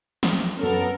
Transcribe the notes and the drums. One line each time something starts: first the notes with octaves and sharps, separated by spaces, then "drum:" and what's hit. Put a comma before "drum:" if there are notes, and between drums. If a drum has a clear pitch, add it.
drum: snare
F#2 B3 C#4 A4 A#4